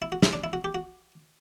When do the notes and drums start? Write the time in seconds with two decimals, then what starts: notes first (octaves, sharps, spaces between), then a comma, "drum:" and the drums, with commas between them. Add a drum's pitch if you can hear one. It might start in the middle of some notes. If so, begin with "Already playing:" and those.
0.02 E4
0.12 F#4
0.23 E4, drum: snare
0.33 D4
0.44 E4
0.53 F#4
0.64 G4
0.75 F#4